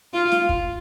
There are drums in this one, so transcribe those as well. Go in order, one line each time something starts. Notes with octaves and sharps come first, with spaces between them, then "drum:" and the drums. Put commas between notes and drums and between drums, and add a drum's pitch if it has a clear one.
F4
drum: snare
drum: kick